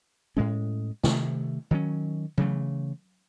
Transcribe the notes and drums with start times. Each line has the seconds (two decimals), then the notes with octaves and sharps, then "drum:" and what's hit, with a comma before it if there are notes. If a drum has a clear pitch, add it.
0.37 A2 G#3 C#4
1.03 C3 D#3 A3, drum: snare
1.71 D#3 F#3 C#4
2.38 C#3 E3 A3, drum: tom F#3